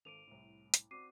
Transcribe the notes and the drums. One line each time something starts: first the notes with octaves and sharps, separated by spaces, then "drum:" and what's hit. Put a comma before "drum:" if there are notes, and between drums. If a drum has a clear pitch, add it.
G#1 A4 D6 D7 D#7 F7
C2 A2
drum: hi-hat
C4 F#4 D5 D6 C7 D#7